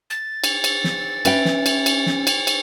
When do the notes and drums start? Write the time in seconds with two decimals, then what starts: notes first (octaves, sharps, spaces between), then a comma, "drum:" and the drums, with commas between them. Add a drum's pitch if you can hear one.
0.10 A6
0.44 drum: cymbal
0.64 drum: cymbal
0.84 drum: snare
1.25 C#4 B4 E5 G5, drum: cymbal
1.45 drum: snare
1.66 drum: cymbal
1.86 drum: cymbal
2.06 drum: snare
2.27 drum: cymbal
2.47 drum: cymbal